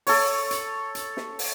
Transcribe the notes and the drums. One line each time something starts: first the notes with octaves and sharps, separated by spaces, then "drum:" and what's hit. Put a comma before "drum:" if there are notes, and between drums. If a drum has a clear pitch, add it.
A4 C#5, drum: open hi-hat
drum: hi-hat
drum: hi-hat
drum: snare
drum: open hi-hat